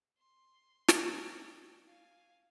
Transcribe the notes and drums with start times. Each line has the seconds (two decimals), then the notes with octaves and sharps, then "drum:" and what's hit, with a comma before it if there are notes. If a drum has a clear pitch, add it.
0.18 C6
0.88 drum: snare
1.10 D5 G5
1.85 F5 G#5